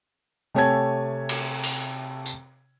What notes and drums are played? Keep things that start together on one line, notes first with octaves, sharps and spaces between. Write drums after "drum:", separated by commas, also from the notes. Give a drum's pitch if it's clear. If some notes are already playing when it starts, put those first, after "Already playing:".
C3 A3 C#5 G#5 A5 G#6
drum: cymbal
drum: open hi-hat
drum: tambourine